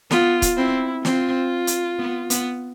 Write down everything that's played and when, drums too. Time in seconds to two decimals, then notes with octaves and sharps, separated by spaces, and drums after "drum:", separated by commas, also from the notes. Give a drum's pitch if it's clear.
0.11 B3 F4, drum: snare
0.42 drum: kick, hi-hat
0.57 C4 E4
1.05 C4 F4, drum: snare
1.67 drum: hi-hat
1.99 B3
2.30 B3, drum: hi-hat